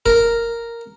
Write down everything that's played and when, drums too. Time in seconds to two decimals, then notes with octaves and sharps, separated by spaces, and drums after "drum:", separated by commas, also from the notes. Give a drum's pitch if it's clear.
0.06 A#4, drum: kick E1